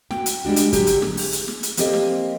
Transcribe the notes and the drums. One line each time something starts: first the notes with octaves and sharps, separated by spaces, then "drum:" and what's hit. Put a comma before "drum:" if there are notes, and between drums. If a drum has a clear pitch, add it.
F#4 G5, drum: snare
drum: hi-hat
G3 G#3 D4 F#4
drum: hi-hat
D3 F#3 G4, drum: kick, hi-hat
drum: hi-hat
G#4, drum: snare
drum: open hi-hat
drum: hi-hat
drum: snare
drum: hi-hat
F3 A#3 C4 G4 A4 D#5, drum: hi-hat
drum: snare